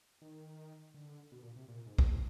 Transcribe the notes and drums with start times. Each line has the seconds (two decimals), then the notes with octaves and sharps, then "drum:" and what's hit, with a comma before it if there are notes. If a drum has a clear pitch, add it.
0.21 D#3
0.94 D3
1.32 B2
1.43 A#2
1.56 C3
1.68 A#2
1.86 G#2
1.99 drum: kick
2.13 A2